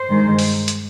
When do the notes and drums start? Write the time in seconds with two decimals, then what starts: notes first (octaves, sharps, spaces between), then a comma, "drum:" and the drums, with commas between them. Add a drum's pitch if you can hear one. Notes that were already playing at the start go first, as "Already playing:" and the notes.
Already playing: C5
0.09 G2 D#3 G#3
0.39 drum: open hi-hat
0.68 drum: hi-hat